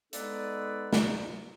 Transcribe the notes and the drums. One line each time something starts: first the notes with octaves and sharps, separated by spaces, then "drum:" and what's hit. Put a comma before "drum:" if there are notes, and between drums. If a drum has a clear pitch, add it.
G#3 B3 D#4 A4 B4 D5, drum: hi-hat
drum: snare